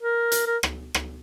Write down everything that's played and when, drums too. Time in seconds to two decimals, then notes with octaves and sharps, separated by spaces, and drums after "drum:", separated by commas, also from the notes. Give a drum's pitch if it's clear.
0.01 A#4
0.32 drum: hi-hat
0.47 A#4
0.63 drum: rim click
0.94 drum: rim click